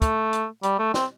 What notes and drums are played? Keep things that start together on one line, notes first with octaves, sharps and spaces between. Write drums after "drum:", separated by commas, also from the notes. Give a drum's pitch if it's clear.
A3, drum: kick, hi-hat
drum: hi-hat
G3, drum: hi-hat
A3
C4, drum: snare